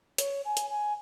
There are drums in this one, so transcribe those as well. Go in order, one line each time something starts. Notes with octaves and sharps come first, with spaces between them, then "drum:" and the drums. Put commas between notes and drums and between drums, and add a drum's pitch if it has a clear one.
C#5, drum: hi-hat
G#5
drum: hi-hat
G#5